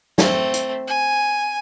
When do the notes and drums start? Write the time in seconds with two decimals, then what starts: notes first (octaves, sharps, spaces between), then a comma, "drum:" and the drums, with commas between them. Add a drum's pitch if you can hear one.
0.18 A3 C4, drum: snare
0.54 drum: hi-hat
0.87 G#5